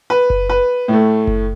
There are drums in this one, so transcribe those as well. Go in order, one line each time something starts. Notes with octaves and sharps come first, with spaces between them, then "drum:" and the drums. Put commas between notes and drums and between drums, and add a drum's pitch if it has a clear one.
B4
drum: kick F#1
B4
A2 A3
drum: kick F#1